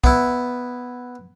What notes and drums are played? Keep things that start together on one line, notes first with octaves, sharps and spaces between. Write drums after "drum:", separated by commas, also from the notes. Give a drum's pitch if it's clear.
B3 E4, drum: kick